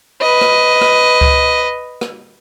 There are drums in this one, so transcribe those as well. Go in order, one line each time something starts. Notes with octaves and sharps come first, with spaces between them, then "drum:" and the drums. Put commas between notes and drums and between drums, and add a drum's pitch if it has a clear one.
B4 D#5
drum: rim click
drum: rim click
drum: kick C#2
drum: rim click